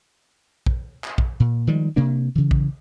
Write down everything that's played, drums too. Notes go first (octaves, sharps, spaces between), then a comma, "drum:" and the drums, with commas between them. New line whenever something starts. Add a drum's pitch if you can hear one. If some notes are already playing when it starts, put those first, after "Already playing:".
drum: kick
drum: clap
drum: kick
A#2
D#3 F3 G3 G#3
C3 A#3 D4
C#3 E3
drum: kick